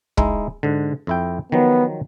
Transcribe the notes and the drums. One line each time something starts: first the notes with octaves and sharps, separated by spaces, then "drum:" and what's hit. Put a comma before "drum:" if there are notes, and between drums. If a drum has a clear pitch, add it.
G#3 D#4 E4, drum: kick
G#2 D3
F2 E4 G5
D#3 F3 F#3 B3